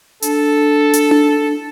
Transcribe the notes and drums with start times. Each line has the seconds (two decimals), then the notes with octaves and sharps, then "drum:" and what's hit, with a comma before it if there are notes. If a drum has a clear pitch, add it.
0.22 D4 A4, drum: hi-hat
0.93 drum: hi-hat
1.11 drum: tom D4